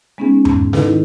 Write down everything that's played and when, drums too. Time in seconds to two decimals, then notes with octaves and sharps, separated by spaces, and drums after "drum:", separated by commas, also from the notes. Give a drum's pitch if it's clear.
0.18 G#3 B3 C#4 D#4 G#4
0.45 G#2, drum: tom E2
0.73 D#3 D#4 E4 G#4 A4 B4, drum: snare